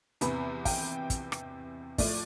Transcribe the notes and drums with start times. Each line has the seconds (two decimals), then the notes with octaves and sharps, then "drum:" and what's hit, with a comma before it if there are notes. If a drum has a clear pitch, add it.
0.21 E2 C3 E3 B3 B5, drum: hi-hat
0.65 G5, drum: kick, open hi-hat
1.10 drum: kick, hi-hat
1.32 drum: rim click
1.98 A2 F3 A3 D5, drum: kick, open hi-hat